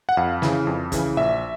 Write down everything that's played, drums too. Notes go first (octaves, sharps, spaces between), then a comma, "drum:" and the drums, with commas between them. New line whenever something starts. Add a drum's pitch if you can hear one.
F#5
F2 F5
C#3 E3, drum: snare
F2
C#3 E3, drum: kick, hi-hat
A#1 E5